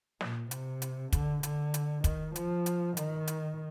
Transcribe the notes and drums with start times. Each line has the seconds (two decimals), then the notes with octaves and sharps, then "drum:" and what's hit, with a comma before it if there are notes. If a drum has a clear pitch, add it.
0.21 A#2, drum: snare
0.51 C3, drum: hi-hat
0.82 drum: hi-hat
1.13 D3, drum: kick, hi-hat
1.43 D3, drum: hi-hat
1.74 drum: hi-hat
2.04 D#3, drum: kick, hi-hat
2.36 F3, drum: hi-hat
2.66 drum: hi-hat
2.97 D#3, drum: hi-hat
3.27 drum: hi-hat